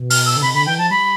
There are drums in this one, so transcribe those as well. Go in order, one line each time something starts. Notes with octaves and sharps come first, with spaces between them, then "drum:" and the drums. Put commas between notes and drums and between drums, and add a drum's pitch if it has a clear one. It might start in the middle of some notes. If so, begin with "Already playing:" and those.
Already playing: B2
F6, drum: open hi-hat
E6
D3
C3 B5
D3 B5
E3 G5
F3 A5
G3 B5